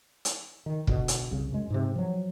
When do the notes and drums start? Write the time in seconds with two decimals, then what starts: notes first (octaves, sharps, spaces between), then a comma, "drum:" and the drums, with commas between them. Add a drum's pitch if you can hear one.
0.25 drum: hi-hat
0.66 D#3
0.87 B2 D3, drum: kick
1.08 drum: hi-hat
1.31 C2 C#3
1.52 F#2 G#3
1.70 G#2 C3
1.95 F3 F#3